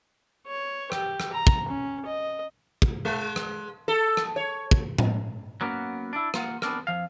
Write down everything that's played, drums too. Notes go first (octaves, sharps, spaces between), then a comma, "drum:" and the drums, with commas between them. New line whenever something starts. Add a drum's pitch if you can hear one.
C#5
G4, drum: rim click
drum: rim click
A#5
drum: kick
C#4
D#5
drum: kick
G#3
drum: rim click
A4
drum: rim click
C#5
drum: kick
drum: tom A2
F#3 A#3 B3 C#4
D4 E4
A#3 F4 F#5, drum: rim click
B3 C4 D4 A#4, drum: rim click
F2 F3 F5